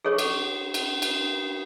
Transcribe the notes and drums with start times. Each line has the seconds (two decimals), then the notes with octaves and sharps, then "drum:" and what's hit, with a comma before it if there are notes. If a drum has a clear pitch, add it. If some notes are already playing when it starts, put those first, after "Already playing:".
0.05 G#4 A4 C#5 C#6
0.18 drum: cymbal
0.74 drum: cymbal
1.02 drum: cymbal